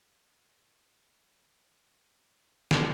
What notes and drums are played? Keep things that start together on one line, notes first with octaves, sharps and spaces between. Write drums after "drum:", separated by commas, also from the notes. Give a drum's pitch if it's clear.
B3
A#3
B2
B3
F#3
drum: snare